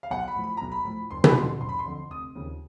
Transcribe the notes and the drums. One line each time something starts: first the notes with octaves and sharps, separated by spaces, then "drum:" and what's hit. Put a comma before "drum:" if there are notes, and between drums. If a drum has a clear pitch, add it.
F5
B1 F#5
B5
A2 F3
B5
B1 A#5
B5
A2 F3
F#1 C6
B5, drum: tom B2
F2 D3 C6
F#1 C6
B5
C6
F2 D3
F1 D#6
D#2 C#3 F3